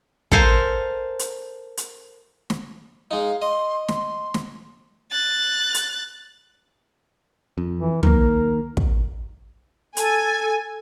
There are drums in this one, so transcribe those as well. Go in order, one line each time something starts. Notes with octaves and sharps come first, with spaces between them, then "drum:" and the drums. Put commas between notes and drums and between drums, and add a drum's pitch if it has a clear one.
A4 A#4 C5 F5 G#5, drum: kick
drum: hi-hat
drum: hi-hat
drum: snare
G#3 D#4 F5
D#5 C6
C6, drum: snare
drum: snare
F#6 A6
drum: hi-hat
F2
E3
D#3 A#3 A#4, drum: tom
drum: kick
A4 G#5, drum: hi-hat